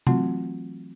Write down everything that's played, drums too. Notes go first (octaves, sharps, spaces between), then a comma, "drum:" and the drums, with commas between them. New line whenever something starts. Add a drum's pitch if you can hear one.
E3 F#3 A3 C4 F4 F#4, drum: tom C3